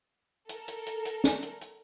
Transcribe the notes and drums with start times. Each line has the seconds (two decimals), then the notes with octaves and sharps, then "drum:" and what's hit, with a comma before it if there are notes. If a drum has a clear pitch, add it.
0.49 A4 A#4, drum: hi-hat
0.68 drum: hi-hat
0.87 drum: hi-hat
1.05 drum: hi-hat
1.24 drum: snare
1.43 drum: hi-hat
1.61 drum: hi-hat